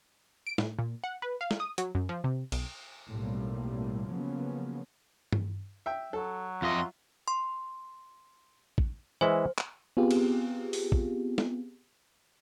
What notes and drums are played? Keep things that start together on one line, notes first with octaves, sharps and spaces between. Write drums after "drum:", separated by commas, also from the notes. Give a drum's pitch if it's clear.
D7
A2, drum: snare
A#2
F#5
B4
F5
drum: snare
D#6
F#3, drum: hi-hat
F#2
F3
C3
B1, drum: cymbal
B1 A2 G3 A#3 C4
C#3 F3 F#3 A#3 B3 C#4
drum: tom G2
E5 G5
F#3 A4
F2 F4 D#5 E5 C6
C6
drum: kick
E3 G#3 C5 E5
drum: clap
B3 C4 F4 G4 G#4
drum: cymbal
drum: open hi-hat
drum: kick
drum: snare